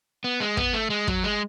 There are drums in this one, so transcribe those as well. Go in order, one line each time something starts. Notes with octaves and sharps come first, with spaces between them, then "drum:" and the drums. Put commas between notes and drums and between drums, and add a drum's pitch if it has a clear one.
B3
G#3
B3, drum: kick
A3
G#3
F#3, drum: kick
G#3